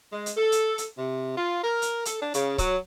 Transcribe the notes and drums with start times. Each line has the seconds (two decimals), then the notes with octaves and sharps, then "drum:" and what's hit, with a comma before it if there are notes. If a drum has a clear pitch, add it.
0.12 G#3
0.26 drum: hi-hat
0.36 A4
0.52 drum: hi-hat
0.78 drum: hi-hat
0.97 C3
1.36 F4
1.63 A#4
1.82 drum: hi-hat
2.05 A4, drum: hi-hat
2.20 D4
2.34 C#3, drum: hi-hat
2.58 F#3, drum: kick C#1, hi-hat